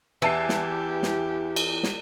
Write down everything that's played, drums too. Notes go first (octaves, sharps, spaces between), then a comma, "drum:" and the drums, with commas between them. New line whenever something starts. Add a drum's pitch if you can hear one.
E2 E3 G4 A5 C7
drum: snare
drum: snare
drum: cymbal
drum: snare